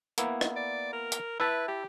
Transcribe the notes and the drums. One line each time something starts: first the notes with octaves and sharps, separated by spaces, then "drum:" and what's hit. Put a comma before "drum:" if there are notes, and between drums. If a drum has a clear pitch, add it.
A#3 B3 E4, drum: hi-hat
drum: rim click
D5
A#4
drum: hi-hat
E4 B4 E5 A5
G4